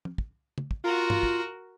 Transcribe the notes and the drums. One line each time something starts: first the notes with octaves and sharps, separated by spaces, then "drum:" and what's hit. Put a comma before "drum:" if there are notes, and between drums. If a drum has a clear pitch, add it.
drum: tom
drum: kick
drum: tom
drum: kick
F4 F#4 A#4
drum: tom G2
drum: kick